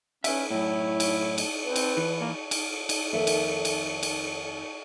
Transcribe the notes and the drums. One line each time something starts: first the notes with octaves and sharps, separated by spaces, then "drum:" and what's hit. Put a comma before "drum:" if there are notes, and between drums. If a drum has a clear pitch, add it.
C#4 B4 E5, drum: cymbal
F#2 A2 E4 C#5
drum: cymbal
drum: cymbal
C4 B4
drum: cymbal
E3
A#3
drum: cymbal
drum: cymbal
F2 D#3 A#3 A4 A#4 E5
drum: cymbal
drum: cymbal
drum: cymbal